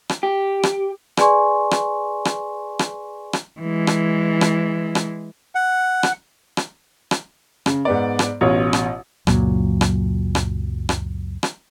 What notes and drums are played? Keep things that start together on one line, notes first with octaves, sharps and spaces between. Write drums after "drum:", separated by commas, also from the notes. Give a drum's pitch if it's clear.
drum: rim click
G4
drum: rim click
G#4 B4 D5 G#5 C6 C#6, drum: rim click
drum: rim click
drum: rim click
drum: rim click
drum: rim click
E3 G#3
drum: rim click
drum: rim click
drum: rim click
F#5
drum: rim click
drum: rim click
drum: rim click
C#3, drum: rim click
G#2 B3 D5
drum: rim click
A1 B2 F4 C#5
drum: rim click
C#2 F#2 A#2 F#3, drum: rim click
drum: rim click
drum: rim click
drum: rim click
drum: rim click